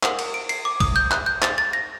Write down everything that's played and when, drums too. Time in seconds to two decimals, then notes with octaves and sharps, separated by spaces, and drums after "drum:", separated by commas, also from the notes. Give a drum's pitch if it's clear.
0.03 A#4 F#5 D#6, drum: clap
0.19 drum: cymbal
0.34 D7
0.49 C7, drum: cymbal
0.65 D6
0.80 D#6, drum: kick, cymbal
0.96 G6
1.11 F#6, drum: clap
1.26 G6
1.42 A6, drum: clap
1.58 A6
1.73 A#6